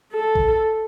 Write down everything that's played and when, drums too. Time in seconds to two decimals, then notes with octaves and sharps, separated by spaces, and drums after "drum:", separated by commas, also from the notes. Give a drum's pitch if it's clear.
0.13 A4
0.35 drum: kick